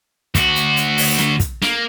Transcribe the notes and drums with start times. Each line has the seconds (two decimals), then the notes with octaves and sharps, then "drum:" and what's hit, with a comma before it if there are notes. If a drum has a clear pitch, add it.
0.35 D2 F#4, drum: kick, hi-hat
0.56 drum: hi-hat
0.77 drum: hi-hat
0.98 drum: open hi-hat
1.19 drum: snare
1.40 drum: kick, hi-hat
1.62 A#3, drum: snare